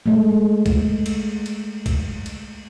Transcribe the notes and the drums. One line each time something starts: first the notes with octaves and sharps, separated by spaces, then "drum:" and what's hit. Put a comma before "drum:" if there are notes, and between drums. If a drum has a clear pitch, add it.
G#3 A3
drum: kick, cymbal
drum: cymbal
drum: cymbal
drum: kick, cymbal
drum: cymbal